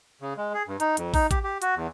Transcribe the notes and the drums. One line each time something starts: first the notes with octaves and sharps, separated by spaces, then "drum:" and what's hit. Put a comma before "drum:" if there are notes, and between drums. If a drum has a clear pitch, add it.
C#3
G#3
G#4
G2
D#4, drum: hi-hat
F2, drum: hi-hat
D#4, drum: kick, open hi-hat
G4, drum: kick, hi-hat
G4
F#4, drum: hi-hat
E2